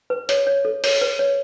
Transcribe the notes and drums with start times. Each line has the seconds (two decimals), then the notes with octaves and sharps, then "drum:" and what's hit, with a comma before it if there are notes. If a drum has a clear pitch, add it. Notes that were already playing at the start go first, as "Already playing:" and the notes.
0.10 B4
0.29 C#5, drum: hi-hat
0.47 C#5
0.65 A4
0.84 C#5, drum: open hi-hat
1.02 B4
1.19 C#5